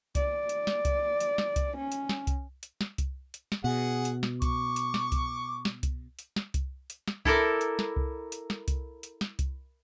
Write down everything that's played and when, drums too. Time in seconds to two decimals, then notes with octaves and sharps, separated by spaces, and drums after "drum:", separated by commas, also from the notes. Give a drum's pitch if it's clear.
0.15 D5, drum: kick C2, hi-hat
0.49 drum: hi-hat
0.67 drum: snare
0.85 drum: kick C2, hi-hat
1.20 drum: hi-hat
1.38 drum: snare
1.56 drum: kick C2, hi-hat
1.77 C#4
1.92 drum: hi-hat
2.09 drum: snare
2.27 drum: kick C2, hi-hat
2.63 drum: hi-hat
2.81 drum: snare
2.98 drum: kick C2, hi-hat
3.34 drum: hi-hat
3.52 drum: snare
3.64 B2 G#4 F#5
4.05 drum: hi-hat
4.23 drum: snare
4.42 C#6 D6, drum: kick C2, hi-hat
4.76 drum: hi-hat
4.94 drum: snare
5.12 drum: kick C2, hi-hat
5.65 drum: snare
5.83 drum: kick C2, hi-hat
6.19 drum: hi-hat
6.36 drum: snare
6.54 drum: kick C2, hi-hat
6.90 drum: hi-hat
7.08 drum: snare
7.25 E4 A4 A#4 D5, drum: kick C2
7.61 drum: hi-hat
7.79 drum: snare
7.97 drum: kick C2
8.32 drum: hi-hat
8.50 drum: snare
8.68 drum: kick C2, hi-hat
9.03 drum: hi-hat
9.21 drum: snare
9.39 drum: kick C2, hi-hat